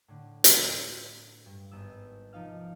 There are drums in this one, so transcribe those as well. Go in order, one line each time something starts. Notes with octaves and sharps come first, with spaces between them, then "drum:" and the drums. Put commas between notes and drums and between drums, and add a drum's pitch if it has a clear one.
A2 D3
drum: hi-hat
G2
G#1 B3 E6
C3 F3 D#4 F5 F6